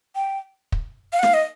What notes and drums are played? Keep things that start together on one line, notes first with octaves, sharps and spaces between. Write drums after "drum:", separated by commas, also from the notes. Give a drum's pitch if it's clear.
G5
drum: kick
F5
F#5
F5, drum: snare
D#5